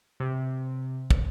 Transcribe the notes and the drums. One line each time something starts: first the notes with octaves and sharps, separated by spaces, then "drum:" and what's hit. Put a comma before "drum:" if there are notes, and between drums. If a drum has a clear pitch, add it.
C3
drum: kick